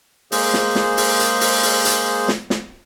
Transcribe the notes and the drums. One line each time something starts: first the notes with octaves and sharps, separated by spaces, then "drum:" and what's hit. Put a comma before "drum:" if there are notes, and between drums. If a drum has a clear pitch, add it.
G#3 A#3 G#4 C5, drum: open hi-hat
drum: snare
drum: snare
drum: open hi-hat
drum: hi-hat
drum: open hi-hat
drum: open hi-hat
drum: hi-hat
drum: snare
drum: snare